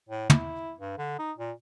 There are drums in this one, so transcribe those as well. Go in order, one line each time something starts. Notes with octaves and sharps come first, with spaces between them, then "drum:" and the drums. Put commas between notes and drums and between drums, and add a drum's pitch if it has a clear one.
A2
E4, drum: tom
G2
D3
D#4
A#2